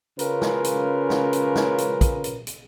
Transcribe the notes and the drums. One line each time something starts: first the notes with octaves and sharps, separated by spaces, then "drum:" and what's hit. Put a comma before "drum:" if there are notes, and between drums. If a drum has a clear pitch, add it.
C#3 C#4 F4 A#4 B4, drum: hi-hat
drum: snare
drum: hi-hat
drum: snare
drum: hi-hat
drum: snare
drum: hi-hat
drum: kick, hi-hat
drum: hi-hat
drum: hi-hat